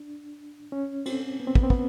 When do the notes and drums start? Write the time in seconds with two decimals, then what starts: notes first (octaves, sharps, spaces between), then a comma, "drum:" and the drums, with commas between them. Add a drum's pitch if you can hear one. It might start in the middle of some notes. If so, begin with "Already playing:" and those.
Already playing: D4
0.72 C#4
1.06 C4, drum: cymbal
1.40 B3
1.47 C4
1.55 B3, drum: kick
1.63 C4
1.70 B3, drum: kick